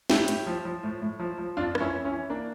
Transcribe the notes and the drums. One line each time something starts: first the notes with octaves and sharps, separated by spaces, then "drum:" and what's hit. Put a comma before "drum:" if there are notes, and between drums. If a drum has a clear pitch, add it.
A2 E4 G4, drum: snare
A2, drum: hi-hat
F3
F3
A2
A2
F3
F3
F2 D4 F4
F2, drum: rim click
C#4 E4
E3
C#4 E4
E3
A#3 D4